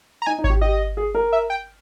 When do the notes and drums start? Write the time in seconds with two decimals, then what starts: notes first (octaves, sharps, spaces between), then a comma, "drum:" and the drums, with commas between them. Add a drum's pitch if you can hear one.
0.22 A#5
0.27 D#4 G#5
0.38 D#4
0.44 C#5, drum: kick G#1
0.50 G4
0.61 G4 D#5
0.97 G#4
1.15 A#4
1.33 E5
1.50 G5